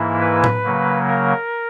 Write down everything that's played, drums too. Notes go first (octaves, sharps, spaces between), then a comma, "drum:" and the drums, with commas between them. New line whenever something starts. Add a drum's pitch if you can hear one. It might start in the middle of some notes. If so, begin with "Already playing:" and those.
Already playing: G#2 E3 A#3 E4
B4
drum: tom A2
C#3 F#3 A#3
A#4